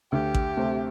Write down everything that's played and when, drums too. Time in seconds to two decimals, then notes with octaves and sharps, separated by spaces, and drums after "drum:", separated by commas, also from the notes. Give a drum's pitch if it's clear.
0.12 D2 G4
0.35 drum: kick A1
0.57 C3 A3 C4